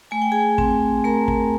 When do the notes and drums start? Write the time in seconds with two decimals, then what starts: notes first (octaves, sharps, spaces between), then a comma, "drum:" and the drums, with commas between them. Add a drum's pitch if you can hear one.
0.11 A3 G#5
0.22 G5
0.32 G#4 G#5
0.58 C4, drum: kick
1.04 A3 A#4 A#5
1.28 drum: kick